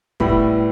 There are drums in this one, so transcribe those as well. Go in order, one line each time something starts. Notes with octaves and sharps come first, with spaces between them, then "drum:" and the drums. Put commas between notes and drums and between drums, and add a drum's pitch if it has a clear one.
A2 G3 B3 E4 B5, drum: kick